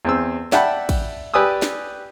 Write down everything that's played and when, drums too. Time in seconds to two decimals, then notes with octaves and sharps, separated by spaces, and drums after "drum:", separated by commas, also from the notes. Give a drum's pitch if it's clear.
0.05 E2 C4 E6
0.52 D5 E5 F#5 G5 A5 B5, drum: snare
0.89 drum: kick, cymbal
1.34 G4 B4 D5 G#5 D#6 E6
1.62 drum: snare